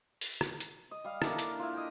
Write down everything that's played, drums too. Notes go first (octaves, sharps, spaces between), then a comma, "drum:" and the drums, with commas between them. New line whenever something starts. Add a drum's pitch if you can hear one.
drum: open hi-hat
drum: rim click
drum: hi-hat
D#5
G3 F5
A#3 D4 E4 A4, drum: rim click
A#4, drum: hi-hat
E4 F4
D#5 G5